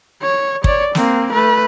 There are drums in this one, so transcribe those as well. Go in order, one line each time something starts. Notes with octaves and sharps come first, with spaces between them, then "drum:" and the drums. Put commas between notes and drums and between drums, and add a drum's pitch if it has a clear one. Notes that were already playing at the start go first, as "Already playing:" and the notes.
C#5
C#5 D5, drum: kick
A#3 C4, drum: snare
A3 B4